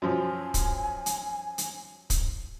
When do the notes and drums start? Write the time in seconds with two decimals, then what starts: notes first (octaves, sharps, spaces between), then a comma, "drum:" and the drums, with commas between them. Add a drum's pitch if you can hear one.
0.02 F#2 F3 F#3 G#5
0.54 drum: kick, hi-hat
1.06 drum: hi-hat
1.58 drum: hi-hat
2.10 drum: kick, hi-hat